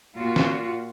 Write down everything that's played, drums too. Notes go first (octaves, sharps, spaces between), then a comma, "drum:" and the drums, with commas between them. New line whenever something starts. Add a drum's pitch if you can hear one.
A#2 F4 F#4
drum: snare